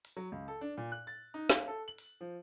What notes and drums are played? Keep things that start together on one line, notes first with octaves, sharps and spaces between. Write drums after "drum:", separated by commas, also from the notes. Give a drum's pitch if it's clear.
drum: open hi-hat
F#3
C#2
A4
D4
A#2
F#6
A6
D#4
F5, drum: snare
A4
F#7
drum: open hi-hat
F3